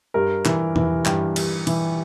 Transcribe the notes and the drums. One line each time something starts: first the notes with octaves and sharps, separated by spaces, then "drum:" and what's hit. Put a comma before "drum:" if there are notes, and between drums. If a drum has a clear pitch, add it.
G2 A#4
E3, drum: clap
E3, drum: tom E2
G2 G4, drum: clap
G2, drum: cymbal
E3, drum: cymbal